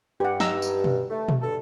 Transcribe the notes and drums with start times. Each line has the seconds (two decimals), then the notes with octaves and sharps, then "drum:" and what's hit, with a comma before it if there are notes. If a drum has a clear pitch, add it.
0.20 G2 G4 F#5
0.40 D#4 A#5 E6, drum: snare
0.62 drum: tambourine
0.84 drum: tom B2
1.10 A3
1.28 drum: tom B2
1.42 G2 A4